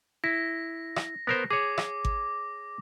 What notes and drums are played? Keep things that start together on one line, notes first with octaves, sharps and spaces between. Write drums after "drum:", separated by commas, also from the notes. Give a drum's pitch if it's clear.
E4 A#6
drum: rim click
B3 A#4 C5
G#4 C#5 D6
drum: rim click
drum: kick G#1